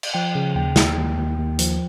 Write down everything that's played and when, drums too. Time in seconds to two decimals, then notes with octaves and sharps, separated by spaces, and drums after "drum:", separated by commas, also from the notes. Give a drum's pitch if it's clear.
0.03 drum: cymbal
0.14 F3 G5
0.35 C#3
0.55 D#2 G5
0.76 D#2, drum: snare
0.97 D#2
1.18 D#2
1.38 D#2
1.59 F3, drum: hi-hat